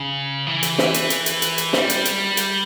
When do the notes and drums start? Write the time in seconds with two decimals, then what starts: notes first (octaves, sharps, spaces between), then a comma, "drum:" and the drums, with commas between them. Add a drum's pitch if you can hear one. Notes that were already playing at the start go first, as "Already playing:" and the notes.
Already playing: C#3
0.47 E3
0.63 drum: hi-hat
0.78 drum: snare
0.94 drum: hi-hat
1.10 drum: hi-hat
1.26 drum: hi-hat
1.42 drum: hi-hat
1.58 drum: hi-hat
1.73 G3, drum: snare
1.90 drum: hi-hat
2.05 drum: hi-hat
2.37 drum: hi-hat